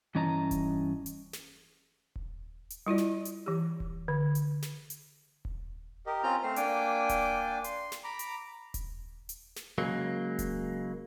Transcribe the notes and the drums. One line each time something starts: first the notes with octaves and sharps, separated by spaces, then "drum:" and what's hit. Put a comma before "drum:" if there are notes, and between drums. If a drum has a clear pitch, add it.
G2 E3 C#4 D#5 A5 A#5
drum: kick D#1, hi-hat
drum: hi-hat
drum: snare
drum: kick D#1
drum: hi-hat
G3 E4 F4 D5
drum: snare
drum: hi-hat
E3 G4
drum: kick D#1
D3
drum: hi-hat
drum: snare
drum: hi-hat
drum: kick D#1
G4 A#4 D#5
C4 C#4 F4 A#5 F6 G6
A3 C4 C5 F6
A#3 D4 G5 G#5 D6, drum: hi-hat
drum: kick D#1, hi-hat
C6, drum: hi-hat
drum: snare
A#5 B5 D6
drum: hi-hat
drum: kick D#1, hi-hat
drum: hi-hat
drum: snare
C#3 F#3 G#3 A#3
drum: kick D#1, hi-hat